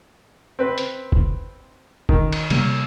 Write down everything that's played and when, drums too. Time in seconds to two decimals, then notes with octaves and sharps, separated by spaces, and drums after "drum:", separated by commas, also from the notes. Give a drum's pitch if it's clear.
0.59 C4 B4
0.78 drum: hi-hat
1.12 drum: kick
2.09 D#3, drum: kick
2.33 drum: cymbal
2.50 C3 G3 A#3, drum: cymbal